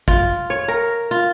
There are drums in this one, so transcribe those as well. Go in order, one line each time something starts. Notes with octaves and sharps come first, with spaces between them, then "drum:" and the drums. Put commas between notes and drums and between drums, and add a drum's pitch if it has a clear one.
F4, drum: kick
C#5
A#4
F4